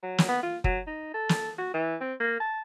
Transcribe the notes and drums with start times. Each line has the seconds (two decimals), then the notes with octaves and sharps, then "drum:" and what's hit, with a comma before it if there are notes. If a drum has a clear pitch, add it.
0.03 F#3
0.18 drum: snare
0.28 B3
0.43 F4
0.64 F#3, drum: kick F#1
0.87 D#4
1.14 A4
1.29 drum: snare
1.58 F#4
1.74 E3
2.01 C4
2.20 A#3
2.40 A5